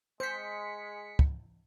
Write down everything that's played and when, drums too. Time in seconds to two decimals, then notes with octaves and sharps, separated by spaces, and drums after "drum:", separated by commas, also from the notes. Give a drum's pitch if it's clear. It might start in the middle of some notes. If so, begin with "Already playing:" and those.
0.20 G#3 C5 B6 C#7
1.19 drum: kick